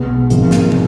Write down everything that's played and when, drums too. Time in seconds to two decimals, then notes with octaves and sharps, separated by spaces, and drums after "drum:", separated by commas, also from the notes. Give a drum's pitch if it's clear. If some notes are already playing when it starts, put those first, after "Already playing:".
Already playing: B1 B2 G#3 B3
0.30 G#1 G#2 F3, drum: hi-hat
0.51 drum: snare
0.72 B2, drum: tom